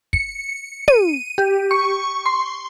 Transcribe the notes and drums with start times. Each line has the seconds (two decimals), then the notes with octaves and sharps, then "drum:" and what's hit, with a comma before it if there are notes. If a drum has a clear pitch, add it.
0.13 C#7, drum: kick
0.88 D#7, drum: tom
1.38 G4
1.71 C#6
2.26 C6